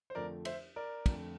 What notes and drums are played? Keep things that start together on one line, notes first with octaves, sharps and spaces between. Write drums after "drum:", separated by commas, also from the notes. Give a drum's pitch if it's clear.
C5
F2 D3 F3 A3 D4 A#4 D5
C5 E5, drum: cymbal
A#4 D5
F2 D3 F3 A3 D4, drum: kick, cymbal